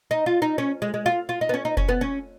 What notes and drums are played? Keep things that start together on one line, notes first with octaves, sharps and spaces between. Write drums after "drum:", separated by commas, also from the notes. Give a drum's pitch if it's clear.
D#4
F4
D#4
C#4
G#3
G#3
F4
F4
D#4
B3
C#4
D#4
C#4, drum: kick F1
B3
C#4